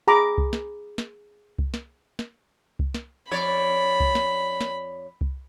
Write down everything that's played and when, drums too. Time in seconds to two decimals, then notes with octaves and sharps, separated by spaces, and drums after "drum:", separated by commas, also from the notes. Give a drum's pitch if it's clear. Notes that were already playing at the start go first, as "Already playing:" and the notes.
0.08 G#4 A#5 B5 D6
0.38 drum: kick C2
0.53 drum: snare
0.98 drum: snare
1.59 drum: kick C2
1.74 drum: snare
2.19 drum: snare
2.79 drum: kick C2
2.94 drum: snare
3.31 F2 C#5 D5 B5
4.00 drum: kick C2
4.15 drum: snare
4.61 drum: snare
5.21 drum: kick C2